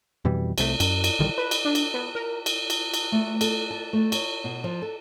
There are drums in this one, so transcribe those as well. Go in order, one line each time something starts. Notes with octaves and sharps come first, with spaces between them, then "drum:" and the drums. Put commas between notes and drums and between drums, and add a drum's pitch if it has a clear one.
F2 B2 E3 G3
C2 C3 G3 A3, drum: cymbal
F#2, drum: cymbal
drum: cymbal
A#1 D3 D#3 G3
B4
drum: cymbal
D4
drum: cymbal
B3
A#4
drum: cymbal
drum: cymbal
drum: cymbal
A3
A4, drum: cymbal
A5
A3
C#5, drum: cymbal
B2
F3
A4